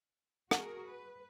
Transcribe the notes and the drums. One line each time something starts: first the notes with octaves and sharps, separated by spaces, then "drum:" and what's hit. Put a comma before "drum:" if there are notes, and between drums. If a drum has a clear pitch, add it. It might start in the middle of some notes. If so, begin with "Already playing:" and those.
F#4 G#4 A#4, drum: rim click
B4